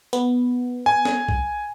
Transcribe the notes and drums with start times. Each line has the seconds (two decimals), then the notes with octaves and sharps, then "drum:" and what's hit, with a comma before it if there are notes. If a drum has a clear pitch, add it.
0.13 B3, drum: hi-hat
0.86 G#5
1.05 drum: snare
1.28 drum: kick B1